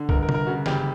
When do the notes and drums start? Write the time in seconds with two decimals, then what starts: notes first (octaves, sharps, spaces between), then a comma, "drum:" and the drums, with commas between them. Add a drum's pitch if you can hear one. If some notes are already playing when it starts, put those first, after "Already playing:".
Already playing: D3
0.09 G1 A#4, drum: kick
0.22 A#4
0.29 G1, drum: tom C3
0.34 A#4
0.47 C#3 F#4
0.66 F#1 G4, drum: snare